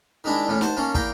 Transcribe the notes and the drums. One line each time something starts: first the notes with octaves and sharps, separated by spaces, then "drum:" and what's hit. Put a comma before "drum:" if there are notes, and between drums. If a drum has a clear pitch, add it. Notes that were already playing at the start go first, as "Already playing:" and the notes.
D#3 G#3 D4 E4
E2 A2 C#4
C5 F#5 A5, drum: snare D#4
A#3 C#4 A4
E2 A#3 G5 A#5, drum: kick